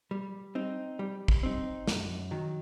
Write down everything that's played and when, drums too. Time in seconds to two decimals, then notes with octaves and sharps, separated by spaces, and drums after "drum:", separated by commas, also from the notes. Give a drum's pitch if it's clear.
0.11 G3
0.55 C4 D#4
0.99 G3
1.28 drum: kick
1.43 C4 D#4
1.87 F#2, drum: snare
2.31 D#3 F#3